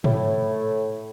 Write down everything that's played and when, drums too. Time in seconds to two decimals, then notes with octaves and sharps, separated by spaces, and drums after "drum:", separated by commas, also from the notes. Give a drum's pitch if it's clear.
0.04 A2, drum: tom